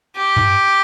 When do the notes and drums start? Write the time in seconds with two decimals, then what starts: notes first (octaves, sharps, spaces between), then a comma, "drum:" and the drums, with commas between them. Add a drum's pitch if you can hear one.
0.16 G4
0.37 drum: tom F#2